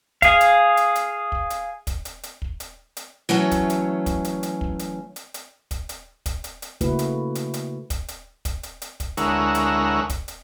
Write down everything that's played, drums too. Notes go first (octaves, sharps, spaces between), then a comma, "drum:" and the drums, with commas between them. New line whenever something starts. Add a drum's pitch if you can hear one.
G#4 F5, drum: kick, hi-hat
drum: hi-hat
drum: hi-hat
drum: hi-hat
drum: kick
drum: hi-hat
drum: kick, hi-hat
drum: hi-hat
drum: hi-hat
drum: kick
drum: hi-hat
drum: hi-hat
E3 F#3 A3 C#4 C#5
drum: kick, hi-hat
drum: hi-hat
drum: kick, hi-hat
drum: hi-hat
drum: hi-hat
drum: kick
drum: hi-hat
drum: hi-hat
drum: hi-hat
drum: kick, hi-hat
drum: hi-hat
drum: kick, hi-hat
drum: hi-hat
drum: hi-hat
C#3 A3 A#3 E4 F#4 B4, drum: kick, hi-hat
drum: hi-hat
drum: hi-hat
drum: hi-hat
drum: kick, hi-hat
drum: hi-hat
drum: kick, hi-hat
drum: hi-hat
drum: hi-hat
drum: kick, hi-hat
D2 G#3 E4 A#4 C#5 F#5, drum: hi-hat
drum: hi-hat
drum: kick, hi-hat
drum: hi-hat